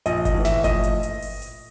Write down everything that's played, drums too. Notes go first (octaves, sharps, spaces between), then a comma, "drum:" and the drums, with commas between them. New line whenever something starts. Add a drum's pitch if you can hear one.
A#1 D#5, drum: hi-hat
D#5, drum: kick G1, hi-hat
A2 E3
E5, drum: snare
A#1 D#5, drum: kick G1, hi-hat
drum: hi-hat
drum: hi-hat
drum: open hi-hat
drum: hi-hat